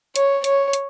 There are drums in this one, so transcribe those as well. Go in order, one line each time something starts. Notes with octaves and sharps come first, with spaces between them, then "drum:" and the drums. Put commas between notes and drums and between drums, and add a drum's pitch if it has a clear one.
C#5, drum: hi-hat
C#5, drum: hi-hat
drum: hi-hat